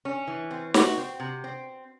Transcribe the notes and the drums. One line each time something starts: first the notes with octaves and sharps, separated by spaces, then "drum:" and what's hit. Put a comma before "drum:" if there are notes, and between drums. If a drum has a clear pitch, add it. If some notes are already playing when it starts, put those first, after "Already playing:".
C#4
E3
C4
F#4, drum: snare
C4
C3
C4